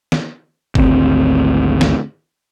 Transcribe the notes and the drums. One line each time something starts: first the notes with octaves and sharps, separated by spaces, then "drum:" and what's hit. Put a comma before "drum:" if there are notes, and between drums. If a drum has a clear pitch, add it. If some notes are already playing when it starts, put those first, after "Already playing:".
drum: snare
G#1 D2 C4, drum: kick G1
drum: snare